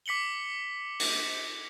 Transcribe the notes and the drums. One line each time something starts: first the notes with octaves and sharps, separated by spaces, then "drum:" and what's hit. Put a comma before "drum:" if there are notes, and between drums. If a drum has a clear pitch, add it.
D6 B6 C#7 F#7 G7
drum: open hi-hat